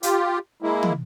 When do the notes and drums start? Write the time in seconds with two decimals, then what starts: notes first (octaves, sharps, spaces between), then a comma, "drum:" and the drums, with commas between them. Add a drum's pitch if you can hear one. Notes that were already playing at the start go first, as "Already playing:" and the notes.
0.03 F4 G4, drum: hi-hat
0.62 G#3 A#3 E4
0.83 drum: tom